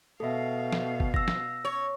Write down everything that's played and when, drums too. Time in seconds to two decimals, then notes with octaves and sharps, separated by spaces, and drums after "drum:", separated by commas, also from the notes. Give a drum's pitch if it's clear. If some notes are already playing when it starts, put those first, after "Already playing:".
0.20 B2 A4 E5 F5
0.73 drum: snare
1.00 drum: kick
1.14 E6 A#6, drum: kick
1.28 drum: snare
1.65 C#5